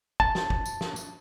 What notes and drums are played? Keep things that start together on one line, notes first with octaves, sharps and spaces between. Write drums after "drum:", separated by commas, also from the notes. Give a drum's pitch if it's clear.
A5, drum: kick
drum: snare
drum: kick
drum: tambourine
drum: snare
drum: tambourine